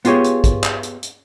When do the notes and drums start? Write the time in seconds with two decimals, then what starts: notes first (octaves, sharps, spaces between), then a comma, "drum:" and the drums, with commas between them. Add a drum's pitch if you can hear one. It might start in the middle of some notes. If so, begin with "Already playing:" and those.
0.05 B3 F4 G4 G#4 C#5, drum: hi-hat
0.24 drum: hi-hat
0.44 drum: kick, hi-hat
0.63 drum: clap
0.83 drum: hi-hat
1.03 drum: hi-hat